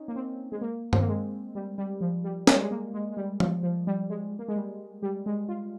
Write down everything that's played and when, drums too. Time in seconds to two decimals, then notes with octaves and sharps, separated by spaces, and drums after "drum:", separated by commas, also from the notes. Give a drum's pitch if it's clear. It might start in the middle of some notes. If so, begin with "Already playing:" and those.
Already playing: C#4 D#4
0.08 A#3
0.16 C4
0.52 G#3
0.62 A#3
0.93 C4, drum: tom
1.01 A#3
1.08 G#3
1.55 G3
1.78 G3
2.01 F3
2.24 G3
2.47 G#3, drum: snare
2.55 G3
2.62 G#3
2.71 A#3
2.94 G#3
3.11 G#3
3.17 G3
3.40 F3, drum: tom
3.63 F3
3.87 G3
4.10 G#3
4.39 A#3
4.48 G#3
4.56 G3
5.02 G3
5.26 G#3
5.49 F4